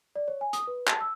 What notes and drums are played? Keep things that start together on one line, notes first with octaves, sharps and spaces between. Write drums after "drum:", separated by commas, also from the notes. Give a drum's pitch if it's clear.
D5
C#5
G#5
D#6, drum: hi-hat
B4
A5, drum: clap
E6